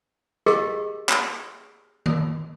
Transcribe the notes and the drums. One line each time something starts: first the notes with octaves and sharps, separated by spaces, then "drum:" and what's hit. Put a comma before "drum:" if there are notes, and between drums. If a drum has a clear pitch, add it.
G4 G#4 A#4 D#5, drum: rim click
drum: clap
drum: tom D#3